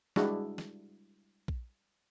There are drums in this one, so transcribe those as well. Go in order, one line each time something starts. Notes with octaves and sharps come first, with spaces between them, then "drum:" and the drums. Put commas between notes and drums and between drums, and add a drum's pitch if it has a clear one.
G3 G#3 D4 E4 F#4 G#4, drum: snare
drum: snare
drum: kick A#1